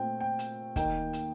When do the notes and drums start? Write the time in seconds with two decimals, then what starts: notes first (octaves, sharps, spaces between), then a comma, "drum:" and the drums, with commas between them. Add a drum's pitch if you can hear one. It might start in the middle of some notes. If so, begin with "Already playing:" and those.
Already playing: A#2 A3 C4 G5
0.20 G5
0.39 drum: hi-hat
0.76 D#2 D#3 A#3 D#4 G5, drum: kick, hi-hat
1.13 drum: hi-hat